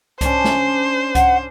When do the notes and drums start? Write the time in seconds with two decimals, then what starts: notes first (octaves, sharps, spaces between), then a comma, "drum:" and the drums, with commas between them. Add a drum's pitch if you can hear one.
0.21 C#4 D4 C5, drum: kick C2, hi-hat
0.44 drum: snare
1.15 F#5, drum: kick C2, hi-hat